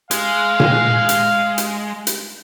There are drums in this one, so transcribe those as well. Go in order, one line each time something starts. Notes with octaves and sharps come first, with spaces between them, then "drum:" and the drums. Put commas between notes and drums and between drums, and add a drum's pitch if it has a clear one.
G#3 F5, drum: hi-hat
drum: tom A#2
drum: hi-hat
drum: hi-hat
drum: hi-hat